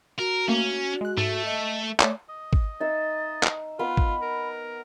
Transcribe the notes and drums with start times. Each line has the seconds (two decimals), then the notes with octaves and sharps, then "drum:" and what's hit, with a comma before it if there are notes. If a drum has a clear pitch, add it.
0.19 F#4 A#4
0.48 A3 A#3 C#4
1.01 G#3 F#6
1.17 G#2 A3
1.45 D#5
2.00 A3 C#5 D5 D6, drum: clap
2.29 D#5
2.53 drum: kick G#1
2.80 D#4 E5 A6
3.43 drum: clap
3.79 B3 F4 B4 B5
3.97 drum: kick G#1
4.22 A#4